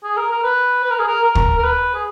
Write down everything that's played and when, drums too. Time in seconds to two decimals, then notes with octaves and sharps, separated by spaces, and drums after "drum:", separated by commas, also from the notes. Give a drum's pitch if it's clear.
0.04 G#4
0.17 A#4
0.31 A#4
0.44 B4
0.84 B4
0.92 A#4
0.99 G#4
1.07 A#4
1.24 A#4
1.35 drum: kick
1.59 A#4
1.64 B4
1.95 G#4